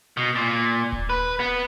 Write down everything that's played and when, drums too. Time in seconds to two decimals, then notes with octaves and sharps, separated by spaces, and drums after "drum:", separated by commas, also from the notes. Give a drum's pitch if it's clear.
0.17 B2
0.35 A#2
0.92 drum: kick D#1
1.10 B4
1.40 B3